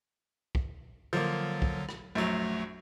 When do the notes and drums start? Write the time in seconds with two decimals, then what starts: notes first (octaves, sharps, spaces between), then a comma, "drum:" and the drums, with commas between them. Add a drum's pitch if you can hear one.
0.55 drum: kick
1.13 D3 F3 F#3 A#3
1.62 drum: kick
1.89 drum: rim click
2.15 A#1 F#2 F#3 A3